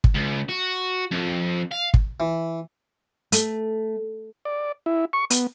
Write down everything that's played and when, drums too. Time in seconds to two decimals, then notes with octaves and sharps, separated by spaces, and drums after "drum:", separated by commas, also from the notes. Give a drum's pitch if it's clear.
0.04 drum: kick
0.15 C#2
0.49 F#4
1.12 F2
1.71 F5
1.94 drum: kick
2.20 E3
3.32 A3, drum: hi-hat
4.45 D5
4.86 E4
5.13 C#6
5.30 B3, drum: hi-hat